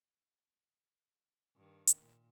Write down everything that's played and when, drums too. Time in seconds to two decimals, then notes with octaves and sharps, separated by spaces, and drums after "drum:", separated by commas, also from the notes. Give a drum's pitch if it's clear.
1.56 G2 D#3
1.87 drum: hi-hat
1.99 A#2